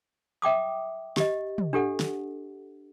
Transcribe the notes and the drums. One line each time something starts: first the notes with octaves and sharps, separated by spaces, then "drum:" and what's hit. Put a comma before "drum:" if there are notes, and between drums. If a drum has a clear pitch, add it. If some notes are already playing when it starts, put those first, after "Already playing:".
E5 G5 D6 D#6
G4 D#5, drum: snare
drum: tom
D4 G4 A4 F#5
drum: snare